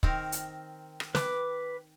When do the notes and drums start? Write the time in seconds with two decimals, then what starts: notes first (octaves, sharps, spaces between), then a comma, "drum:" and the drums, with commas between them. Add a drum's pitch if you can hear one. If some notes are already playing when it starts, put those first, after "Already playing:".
0.03 D#3 C4 A#4, drum: kick
0.32 drum: hi-hat
1.00 drum: rim click
1.15 B4 D6, drum: snare